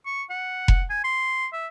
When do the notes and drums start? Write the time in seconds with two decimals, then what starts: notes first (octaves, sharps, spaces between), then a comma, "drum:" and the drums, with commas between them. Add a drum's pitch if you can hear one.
0.06 C#6
0.30 F#5
0.68 drum: kick F1
0.90 G#5
1.04 C6
1.53 E5